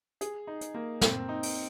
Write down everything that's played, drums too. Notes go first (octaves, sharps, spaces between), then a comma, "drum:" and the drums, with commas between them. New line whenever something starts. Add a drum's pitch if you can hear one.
G#4, drum: hi-hat
D#4
drum: hi-hat
A#3
C4, drum: snare
D#4
drum: open hi-hat